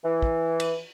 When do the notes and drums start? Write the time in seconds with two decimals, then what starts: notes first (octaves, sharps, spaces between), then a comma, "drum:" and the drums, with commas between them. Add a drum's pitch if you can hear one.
0.04 E3
0.22 drum: kick
0.60 drum: cymbal